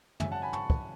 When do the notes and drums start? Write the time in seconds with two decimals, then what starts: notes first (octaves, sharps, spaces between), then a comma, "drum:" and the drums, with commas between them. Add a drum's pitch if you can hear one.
0.20 G#1 F#2 C#3 E5 G#5, drum: tom
0.32 F#5 A5
0.42 G#5 B5
0.53 A5 C#6, drum: tom
0.70 drum: kick